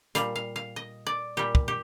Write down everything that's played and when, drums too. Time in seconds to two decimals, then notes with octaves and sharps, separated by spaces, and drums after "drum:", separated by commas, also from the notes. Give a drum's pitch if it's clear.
0.15 A#2 G3 F5, drum: hi-hat
0.36 F5
0.56 F5
0.76 D#5
1.07 D5
1.37 A#2 G3 G4
1.55 drum: kick
1.68 G4